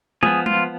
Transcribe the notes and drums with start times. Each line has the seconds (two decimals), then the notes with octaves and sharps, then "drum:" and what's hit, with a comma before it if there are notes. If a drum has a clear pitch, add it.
0.23 F3 B3 G#4, drum: tom G#3
0.46 F4, drum: tom G#3